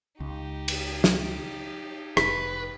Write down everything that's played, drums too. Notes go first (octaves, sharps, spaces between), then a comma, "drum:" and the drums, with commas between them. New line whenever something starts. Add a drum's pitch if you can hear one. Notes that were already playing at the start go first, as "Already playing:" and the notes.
C#2 D#4 G4
drum: cymbal
drum: snare
F1 B4 B6, drum: rim click